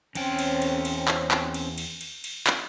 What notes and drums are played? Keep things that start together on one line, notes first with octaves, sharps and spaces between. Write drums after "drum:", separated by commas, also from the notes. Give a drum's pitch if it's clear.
E2 C4 C#4 G5, drum: cymbal
drum: cymbal
drum: cymbal
drum: cymbal
drum: clap
drum: clap
drum: cymbal
drum: cymbal
drum: cymbal
drum: cymbal
drum: clap